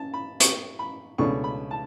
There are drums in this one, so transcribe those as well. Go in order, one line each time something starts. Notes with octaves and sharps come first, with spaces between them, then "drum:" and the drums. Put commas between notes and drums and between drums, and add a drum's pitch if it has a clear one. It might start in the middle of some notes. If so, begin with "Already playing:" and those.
Already playing: C#4 A5
B5
C#6, drum: hi-hat
B5
C#2 B2 A3 D4 C#6
B5
A5